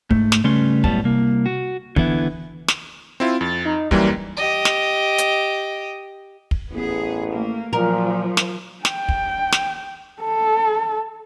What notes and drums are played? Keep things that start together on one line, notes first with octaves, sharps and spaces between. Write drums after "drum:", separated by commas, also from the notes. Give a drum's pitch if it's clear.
G#2 A3, drum: kick
drum: snare
C#3 G3 A3 C#4 B4 C6
F#2 A2 G3 B3 A5, drum: kick
C2 A#3
F#4
D3 E3 B3 E4, drum: kick
drum: snare
C4 E4 F4
F2 A6
D#4
F#2 E3 G3 A#3, drum: kick
G4 D#5
drum: snare
drum: hi-hat
drum: kick
A1 B3 G#4
A3 A#3
A#2 F3 F#3 A#4
drum: snare
G5, drum: snare
drum: kick
drum: snare
A4